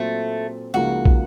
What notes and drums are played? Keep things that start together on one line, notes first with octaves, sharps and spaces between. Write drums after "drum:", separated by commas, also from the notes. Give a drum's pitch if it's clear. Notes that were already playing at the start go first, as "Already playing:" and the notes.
Already playing: A#2 F#3 A3 C4
C#2 C#3 F3 A#3 D#4 F#4
drum: kick